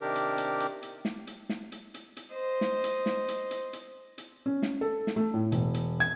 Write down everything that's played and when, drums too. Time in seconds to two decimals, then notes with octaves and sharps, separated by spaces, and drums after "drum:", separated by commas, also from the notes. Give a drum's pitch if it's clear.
0.01 C3 D#3 D4 G4 A#4
0.15 drum: hi-hat
0.38 drum: hi-hat
0.60 drum: hi-hat
0.82 drum: hi-hat
1.05 drum: snare
1.27 drum: hi-hat
1.49 drum: snare
1.72 drum: hi-hat
1.94 drum: hi-hat
2.17 drum: hi-hat
2.33 C5 D#5
2.61 drum: snare
2.84 drum: hi-hat
3.06 drum: snare
3.28 drum: hi-hat
3.51 drum: hi-hat
3.73 drum: hi-hat
4.18 drum: hi-hat
4.46 C#4
4.62 drum: snare
4.81 A4
5.07 drum: snare
5.16 A3
5.34 A2
5.52 E1, drum: hi-hat
5.74 drum: hi-hat
6.00 G#6